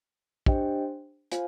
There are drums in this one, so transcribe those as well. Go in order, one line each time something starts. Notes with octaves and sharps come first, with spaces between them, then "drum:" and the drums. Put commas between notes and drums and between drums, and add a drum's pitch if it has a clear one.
D4 G4 C5 D#5 G5, drum: kick
F4 C5 F5 G#5, drum: hi-hat